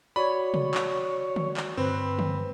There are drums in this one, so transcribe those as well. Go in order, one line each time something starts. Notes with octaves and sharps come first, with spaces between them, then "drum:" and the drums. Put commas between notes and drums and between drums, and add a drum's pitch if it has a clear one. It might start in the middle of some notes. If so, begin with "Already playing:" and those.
F#4 C#5 D5 B5
drum: tom C3
drum: clap
drum: tom D3
drum: clap
G2 D3 C4 B4
drum: tom D3